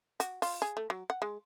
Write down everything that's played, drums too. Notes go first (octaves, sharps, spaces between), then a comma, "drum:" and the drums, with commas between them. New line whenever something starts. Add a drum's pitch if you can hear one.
F#4, drum: hi-hat
F4, drum: open hi-hat
G#4
A3
F#3
F#5
G#3